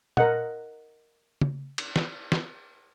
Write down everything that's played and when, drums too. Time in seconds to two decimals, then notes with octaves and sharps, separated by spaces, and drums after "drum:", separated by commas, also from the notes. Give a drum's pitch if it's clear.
0.17 A#4 D#5 F#5, drum: tom
1.41 drum: tom
1.78 drum: cymbal
1.96 drum: snare
2.32 drum: snare